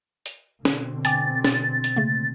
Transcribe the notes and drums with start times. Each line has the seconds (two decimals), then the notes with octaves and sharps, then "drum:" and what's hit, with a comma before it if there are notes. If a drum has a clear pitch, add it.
0.26 drum: hi-hat
0.65 B2 D3 C4, drum: snare
1.05 G5 G#5 D6 A6, drum: hi-hat
1.45 drum: snare
1.84 drum: hi-hat
1.96 C#3 A3 A#3